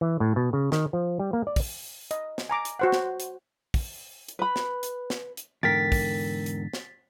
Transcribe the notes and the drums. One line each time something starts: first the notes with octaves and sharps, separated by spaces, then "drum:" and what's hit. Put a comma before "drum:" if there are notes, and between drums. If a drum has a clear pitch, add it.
E3
A2
B2
C#3
D#3, drum: snare
F3
G3
A#3
D5
drum: kick, open hi-hat
D#5, drum: hi-hat
drum: snare
G#5 A#5 D6
drum: hi-hat
F#4 C5 F#5
drum: snare
drum: hi-hat
drum: kick, open hi-hat
drum: hi-hat
B4 B5
drum: snare
drum: hi-hat
drum: snare
drum: hi-hat
E2 G#2 D3 A#4 G5 A6 B6
drum: kick, open hi-hat
drum: hi-hat
drum: snare